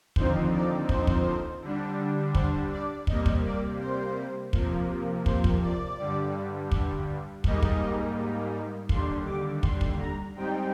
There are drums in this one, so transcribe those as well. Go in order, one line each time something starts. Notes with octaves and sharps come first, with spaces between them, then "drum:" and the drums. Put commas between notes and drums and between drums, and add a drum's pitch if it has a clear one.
D#2 D3 F3 C4 D#4 C5, drum: kick
D5
C5, drum: kick
drum: kick
D3 G3 D4
C5, drum: kick
D5
C3 G3 A#3 D#5, drum: kick
drum: kick
D5
C5
C3 F3 A#3, drum: kick
C5, drum: kick
drum: kick
D5
G2 D3 G3
drum: kick
G#2 G3 A#3 D#4 D#5, drum: kick
drum: kick
D#2 D3 G3 C6, drum: kick
D6
C6, drum: kick
drum: kick
A#5
G#2 G3 C4 D#4 G5